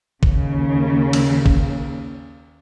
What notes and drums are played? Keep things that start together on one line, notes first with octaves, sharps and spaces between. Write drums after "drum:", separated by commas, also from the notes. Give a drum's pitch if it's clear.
D#2 C#3, drum: kick A#1
drum: cymbal
drum: kick A#1